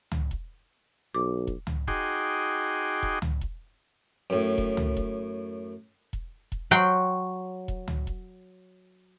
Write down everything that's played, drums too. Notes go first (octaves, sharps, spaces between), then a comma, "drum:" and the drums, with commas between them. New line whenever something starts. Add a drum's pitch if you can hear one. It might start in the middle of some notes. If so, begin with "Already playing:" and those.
drum: tom
drum: kick E1
B1 D6
drum: kick E1
drum: tom
D#4 F#4 G#4 G5 C6 D6, drum: kick E1
drum: kick E1
drum: tom
drum: kick E1
F#2 A2
drum: kick E1
drum: tom
drum: kick E1
drum: kick E1
drum: kick E1
F#3 F#4 G5 C6
drum: kick E1
drum: tom
drum: kick E1